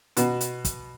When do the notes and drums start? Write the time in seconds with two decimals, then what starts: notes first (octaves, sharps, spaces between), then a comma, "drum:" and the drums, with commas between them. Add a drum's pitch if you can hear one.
0.17 B2 F#4, drum: hi-hat
0.41 drum: hi-hat
0.65 drum: kick, hi-hat